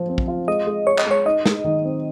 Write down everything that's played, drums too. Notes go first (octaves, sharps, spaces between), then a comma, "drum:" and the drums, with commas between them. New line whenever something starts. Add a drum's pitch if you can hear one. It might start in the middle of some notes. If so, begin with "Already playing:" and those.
Already playing: F3 F4
C4
drum: kick
F4
G#3 D#5
G#3
G#4 C#5
D#5, drum: clap
G#3 C#5
D#4 D#5
G#3, drum: snare
D#3
C4